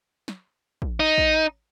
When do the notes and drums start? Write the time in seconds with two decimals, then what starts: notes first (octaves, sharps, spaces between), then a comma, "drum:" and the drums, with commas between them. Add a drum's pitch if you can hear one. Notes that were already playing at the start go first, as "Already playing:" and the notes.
0.28 drum: snare
0.82 drum: kick
1.00 D#4
1.18 drum: kick